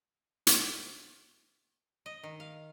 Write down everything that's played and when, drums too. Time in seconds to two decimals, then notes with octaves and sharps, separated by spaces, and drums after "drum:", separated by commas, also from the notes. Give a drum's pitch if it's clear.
0.47 drum: hi-hat
2.06 D#5
2.23 D#3
2.40 F5